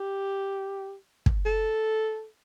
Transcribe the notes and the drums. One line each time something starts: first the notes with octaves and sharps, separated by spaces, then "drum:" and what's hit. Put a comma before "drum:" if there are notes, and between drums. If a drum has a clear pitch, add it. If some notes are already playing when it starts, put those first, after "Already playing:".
Already playing: G4
drum: kick
A4